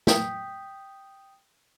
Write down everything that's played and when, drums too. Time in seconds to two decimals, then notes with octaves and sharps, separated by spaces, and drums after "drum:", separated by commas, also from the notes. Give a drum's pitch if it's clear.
0.07 G5 D#6 G6 B6, drum: snare